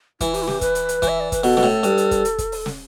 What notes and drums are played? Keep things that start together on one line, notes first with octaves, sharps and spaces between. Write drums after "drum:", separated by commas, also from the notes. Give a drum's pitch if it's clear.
E3 E4, drum: kick, hi-hat
G4, drum: open hi-hat
E4
G4, drum: snare
B4, drum: kick, hi-hat
drum: hi-hat
drum: hi-hat
E3, drum: kick, hi-hat
E5
D5
B4, drum: kick, hi-hat
B2 A4, drum: open hi-hat
B2, drum: snare
A2
G2, drum: hi-hat
drum: hi-hat
drum: kick, hi-hat
drum: hi-hat
drum: kick, hi-hat
drum: open hi-hat
drum: snare